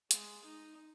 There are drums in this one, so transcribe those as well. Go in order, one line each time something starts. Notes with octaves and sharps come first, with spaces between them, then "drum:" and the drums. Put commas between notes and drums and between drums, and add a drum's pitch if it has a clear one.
G#3, drum: hi-hat
D#4